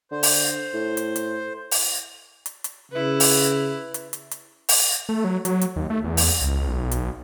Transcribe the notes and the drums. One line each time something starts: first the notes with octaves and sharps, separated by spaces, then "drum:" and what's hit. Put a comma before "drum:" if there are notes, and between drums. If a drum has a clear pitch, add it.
D3 C5
drum: open hi-hat
A2
drum: hi-hat
drum: hi-hat
drum: open hi-hat
drum: hi-hat
drum: hi-hat
C#3 E4 B4
drum: open hi-hat
drum: hi-hat
drum: hi-hat
drum: hi-hat
drum: open hi-hat
A3
F#3
F#3, drum: hi-hat
drum: hi-hat
D#2
A3
E2
drum: open hi-hat
C#2
B1
drum: hi-hat